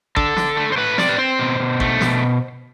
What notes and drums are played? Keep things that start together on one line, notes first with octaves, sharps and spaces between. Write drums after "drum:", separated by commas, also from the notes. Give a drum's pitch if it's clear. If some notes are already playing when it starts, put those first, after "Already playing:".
D3 A4, drum: kick G#1
D3, drum: snare
A3
C5
A3 B4
C4 D5, drum: snare
B4
C4 C5
B2
B2
A3, drum: kick G#1
B2, drum: snare